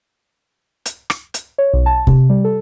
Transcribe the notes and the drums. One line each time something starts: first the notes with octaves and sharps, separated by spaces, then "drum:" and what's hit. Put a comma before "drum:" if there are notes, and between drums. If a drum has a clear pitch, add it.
drum: hi-hat
drum: rim click
drum: hi-hat
C#5
B1
A5
C3, drum: kick
G3
A4